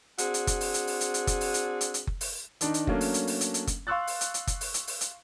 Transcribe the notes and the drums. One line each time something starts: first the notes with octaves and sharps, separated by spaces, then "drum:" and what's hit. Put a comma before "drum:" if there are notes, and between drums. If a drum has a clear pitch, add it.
C4 D4 F#4 G#4, drum: hi-hat
drum: hi-hat
drum: kick F#1, hi-hat
drum: open hi-hat
drum: hi-hat
drum: open hi-hat
drum: hi-hat
drum: hi-hat
drum: kick F#1, hi-hat
drum: open hi-hat
drum: hi-hat
drum: hi-hat
drum: hi-hat
drum: kick F#1
drum: open hi-hat
D#3 D4 D#4, drum: hi-hat
drum: hi-hat
F#3 A3 A#3 C#4 D4, drum: kick F#1
drum: open hi-hat
drum: hi-hat
drum: open hi-hat
drum: hi-hat
drum: hi-hat
drum: kick F#1, hi-hat
F5 C6 C#6 E6 F#6 A6
drum: open hi-hat
drum: hi-hat
drum: hi-hat
drum: kick F#1, hi-hat
drum: open hi-hat
drum: hi-hat
drum: open hi-hat
drum: hi-hat